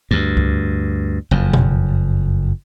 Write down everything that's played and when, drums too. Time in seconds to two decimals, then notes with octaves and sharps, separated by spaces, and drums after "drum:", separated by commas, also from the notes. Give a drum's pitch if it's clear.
0.11 D2 G2
0.37 drum: kick C#2
1.31 F#1 F2
1.53 drum: tom B2